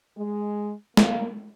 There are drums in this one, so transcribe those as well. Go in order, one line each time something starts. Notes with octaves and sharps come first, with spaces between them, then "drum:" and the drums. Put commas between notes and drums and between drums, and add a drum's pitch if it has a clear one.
G#3
A#3, drum: snare